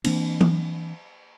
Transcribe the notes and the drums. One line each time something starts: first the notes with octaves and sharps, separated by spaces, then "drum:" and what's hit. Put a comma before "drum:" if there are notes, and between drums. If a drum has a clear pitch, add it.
E3 A#3 C4 D4, drum: cymbal
drum: tom E3